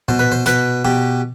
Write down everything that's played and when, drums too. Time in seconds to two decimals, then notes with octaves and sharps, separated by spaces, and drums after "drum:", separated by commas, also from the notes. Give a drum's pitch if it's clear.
0.08 B2 C5, drum: tom A#2
0.19 B4
0.32 C5
0.46 B2 B4, drum: hi-hat
0.85 B2 G4